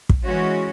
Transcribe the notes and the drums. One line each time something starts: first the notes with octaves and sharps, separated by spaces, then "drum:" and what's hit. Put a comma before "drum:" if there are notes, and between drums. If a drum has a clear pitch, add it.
drum: kick
E3 G#3 C#4 F#4